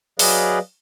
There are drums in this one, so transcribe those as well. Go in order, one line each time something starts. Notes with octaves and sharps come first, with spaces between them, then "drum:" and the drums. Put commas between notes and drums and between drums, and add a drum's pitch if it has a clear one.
F#3 G#4 B4 D5 D#5 F5, drum: open hi-hat